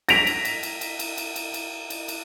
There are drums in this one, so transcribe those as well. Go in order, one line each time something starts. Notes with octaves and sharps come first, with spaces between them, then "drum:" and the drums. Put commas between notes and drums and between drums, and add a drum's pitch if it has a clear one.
A#6 B6 D7 F7, drum: cymbal
drum: cymbal
drum: cymbal
drum: cymbal
drum: cymbal
drum: cymbal
drum: cymbal
drum: cymbal
drum: cymbal
drum: cymbal
drum: cymbal